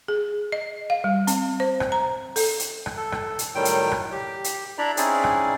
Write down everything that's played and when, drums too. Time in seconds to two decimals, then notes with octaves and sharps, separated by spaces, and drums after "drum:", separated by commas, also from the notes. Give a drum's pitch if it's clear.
0.08 G#4
0.52 D#5
0.90 F5
1.04 G3
1.27 C4, drum: hi-hat
1.60 C5
1.80 drum: rim click
1.92 A#5
2.36 A4, drum: open hi-hat
2.59 drum: hi-hat
2.86 drum: rim click
2.97 A4
3.12 drum: rim click
3.39 drum: hi-hat
3.55 A2 D#3 F#3 G3 G5
3.65 drum: hi-hat
3.92 drum: rim click
4.12 G4
4.44 drum: hi-hat
4.78 D4 E4 D5 E5 A#5 B5
4.97 C4 C#4 D#4 E4 G#4 D5, drum: hi-hat
5.24 drum: rim click